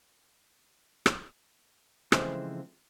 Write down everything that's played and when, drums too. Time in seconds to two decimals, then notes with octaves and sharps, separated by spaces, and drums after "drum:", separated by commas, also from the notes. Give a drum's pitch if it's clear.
1.06 drum: rim click
2.12 C#3 E3 F3 G#3 A3 C4, drum: rim click